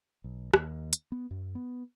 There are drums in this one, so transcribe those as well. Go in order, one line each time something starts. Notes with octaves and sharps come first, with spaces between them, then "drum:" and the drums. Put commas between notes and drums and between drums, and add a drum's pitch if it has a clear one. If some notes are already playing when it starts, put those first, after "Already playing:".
B1
D#2, drum: rim click
drum: hi-hat
B3
F#2
B3